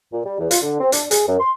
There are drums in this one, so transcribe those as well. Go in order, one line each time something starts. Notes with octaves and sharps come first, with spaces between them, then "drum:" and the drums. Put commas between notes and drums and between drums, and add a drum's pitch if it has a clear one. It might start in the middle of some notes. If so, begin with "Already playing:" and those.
A#2
G3
E2
F4, drum: hi-hat
D3
C4
D4, drum: hi-hat
G#4, drum: hi-hat
F#2
C6